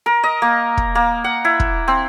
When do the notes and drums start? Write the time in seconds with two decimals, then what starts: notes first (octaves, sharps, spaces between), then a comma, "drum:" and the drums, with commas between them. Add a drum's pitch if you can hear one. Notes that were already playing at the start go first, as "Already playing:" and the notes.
0.06 A#4
0.23 D#5
0.42 A#3
0.77 drum: kick
0.95 A#3
1.24 F#5
1.45 E4
1.60 drum: kick
1.88 C4